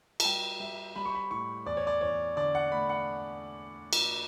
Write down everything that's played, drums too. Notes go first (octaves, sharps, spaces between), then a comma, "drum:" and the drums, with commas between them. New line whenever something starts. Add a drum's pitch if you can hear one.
A5, drum: cymbal
G3 G5
G3 E5
G3 B5
C#6
B5
A2 C#6
E2 D5
C#5
D5
E2 C#5
D3 D5
F#5
A3 B5
F#5
drum: cymbal